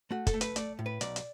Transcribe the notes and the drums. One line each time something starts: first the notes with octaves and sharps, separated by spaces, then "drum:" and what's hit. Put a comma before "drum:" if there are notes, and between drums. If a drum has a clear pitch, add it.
A3 F#4
A4, drum: kick, hi-hat
A3
B4, drum: hi-hat
A3 D5, drum: hi-hat
A2
B4
B1 D5, drum: hi-hat
drum: hi-hat